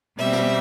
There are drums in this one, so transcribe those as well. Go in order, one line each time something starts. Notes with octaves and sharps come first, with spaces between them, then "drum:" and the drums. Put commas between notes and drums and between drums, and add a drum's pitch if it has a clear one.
B2 G3 C4 E5
drum: snare